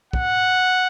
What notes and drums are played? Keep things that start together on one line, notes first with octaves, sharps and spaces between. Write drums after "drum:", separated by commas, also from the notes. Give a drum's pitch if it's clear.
F#5, drum: kick